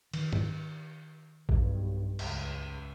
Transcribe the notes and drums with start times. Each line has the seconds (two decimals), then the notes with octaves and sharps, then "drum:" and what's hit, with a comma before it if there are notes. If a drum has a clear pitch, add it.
0.13 D#3, drum: cymbal
0.33 drum: tom
1.49 B1 G2, drum: kick A#1
2.19 C#2, drum: cymbal